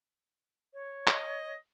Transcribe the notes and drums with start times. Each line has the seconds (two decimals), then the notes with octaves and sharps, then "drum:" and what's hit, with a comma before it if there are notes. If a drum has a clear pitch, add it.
0.74 C#5
1.07 D#5, drum: clap